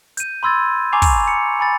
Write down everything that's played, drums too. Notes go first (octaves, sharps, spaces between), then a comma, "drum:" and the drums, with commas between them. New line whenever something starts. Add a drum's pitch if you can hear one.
G6 D#7, drum: hi-hat
B5 C6 E6 G#6 A6
G#5 A#5 C#6 D6 C7 F7
drum: kick, open hi-hat
C#7
G#5 B5 A6